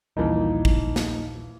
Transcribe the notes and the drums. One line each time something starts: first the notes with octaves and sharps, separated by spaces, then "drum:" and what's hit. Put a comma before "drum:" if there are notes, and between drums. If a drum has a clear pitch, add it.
D#1 A#1 E3 F3 G3 A#3 D#4
drum: kick
drum: snare